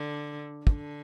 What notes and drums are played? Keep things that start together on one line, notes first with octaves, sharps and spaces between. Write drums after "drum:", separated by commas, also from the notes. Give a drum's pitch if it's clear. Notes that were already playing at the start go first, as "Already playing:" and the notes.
Already playing: D3
D3, drum: kick